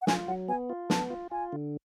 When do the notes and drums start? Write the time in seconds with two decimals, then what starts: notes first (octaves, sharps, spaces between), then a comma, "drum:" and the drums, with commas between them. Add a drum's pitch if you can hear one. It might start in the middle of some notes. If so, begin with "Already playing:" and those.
0.02 F#5
0.07 F4 G#5, drum: snare
0.27 F#3 F#5
0.48 B3 G#5
0.69 F4
0.90 B3 A5, drum: snare
1.10 F4
1.31 F4 G#5
1.52 D3